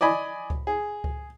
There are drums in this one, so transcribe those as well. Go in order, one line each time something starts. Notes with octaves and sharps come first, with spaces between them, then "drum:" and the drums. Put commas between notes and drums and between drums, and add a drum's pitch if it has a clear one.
D5 D#5 G#5 B5
drum: kick C#2
G#4
drum: kick C#2